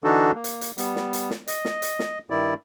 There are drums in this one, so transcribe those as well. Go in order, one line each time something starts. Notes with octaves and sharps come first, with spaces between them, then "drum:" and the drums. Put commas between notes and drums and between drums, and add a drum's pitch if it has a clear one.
D3 E3 D4 D#4 F#4 A4
A#3
drum: hi-hat
drum: hi-hat
G3 B3, drum: hi-hat
drum: snare
drum: hi-hat
drum: snare
D#5, drum: hi-hat
drum: snare
drum: hi-hat
drum: snare
G2 D#3 E4 D5